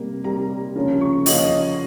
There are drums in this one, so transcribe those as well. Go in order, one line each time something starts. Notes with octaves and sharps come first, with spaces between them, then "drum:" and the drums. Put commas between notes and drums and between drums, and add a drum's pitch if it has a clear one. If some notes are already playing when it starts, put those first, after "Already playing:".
Already playing: C3 G3 A#3
C3 G3 A#3 A#5
C#3 F3 A#3 C#4
C#6
C#3 F3 A#3 C#4 D#5, drum: open hi-hat
F5
D#5